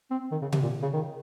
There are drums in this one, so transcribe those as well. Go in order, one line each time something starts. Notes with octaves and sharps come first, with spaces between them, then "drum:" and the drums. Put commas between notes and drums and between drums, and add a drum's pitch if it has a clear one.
C4
D#3
C#3
C3, drum: tom C3
A#2
C#3
D#3